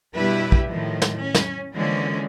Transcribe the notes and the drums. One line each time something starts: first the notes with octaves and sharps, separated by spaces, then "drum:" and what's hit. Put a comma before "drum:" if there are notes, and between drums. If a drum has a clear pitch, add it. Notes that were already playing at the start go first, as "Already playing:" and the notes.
G2 B2 E4 G4 B4 E5
drum: kick
A2 D#3 F3
drum: snare
C#4
drum: snare
D3 E3 F3 G#3 A#3 C#4